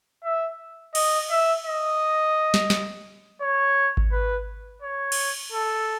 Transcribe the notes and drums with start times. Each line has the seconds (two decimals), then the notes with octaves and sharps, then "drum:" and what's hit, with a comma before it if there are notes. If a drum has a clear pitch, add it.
0.25 E5
0.95 D#5, drum: cymbal
1.30 E5
1.66 D#5
2.54 drum: snare
2.70 drum: snare
3.41 C#5
3.97 drum: kick G#1
4.12 B4
4.82 C#5
5.12 drum: cymbal
5.52 A4